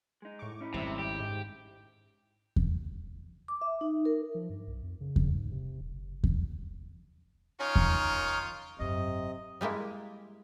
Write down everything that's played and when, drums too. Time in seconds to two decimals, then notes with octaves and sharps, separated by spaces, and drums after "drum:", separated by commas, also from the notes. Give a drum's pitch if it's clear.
0.22 G#3 D#4
0.39 A2 C#6 D6
0.60 C#4 D#4 E4
0.74 G#1 F2 C3 G3 E5
0.99 G4
1.20 G#2
2.56 drum: kick E2
3.48 D6
3.61 E5
3.81 D#4
4.05 A#4
4.35 F3
4.50 G2
4.68 B1
4.83 F2
5.01 C#3
5.16 drum: kick E2
5.31 G#2
5.51 C3
5.81 D#1
5.95 F#1
6.24 B1, drum: kick E2
7.60 D#3 C#4 D#4 F4 A#4 C#5
7.76 drum: kick E2
8.79 G#1 F#2 C3 D#5
9.61 G3 G#3 A#3 E4